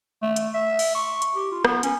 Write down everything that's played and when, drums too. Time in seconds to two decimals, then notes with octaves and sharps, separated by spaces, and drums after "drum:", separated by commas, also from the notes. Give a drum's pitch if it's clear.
0.22 A3
0.36 drum: hi-hat
0.54 E5
0.79 drum: open hi-hat
0.95 C#6
1.22 drum: hi-hat
1.35 G4
1.52 F4
1.65 B3, drum: rim click
1.83 C#4, drum: hi-hat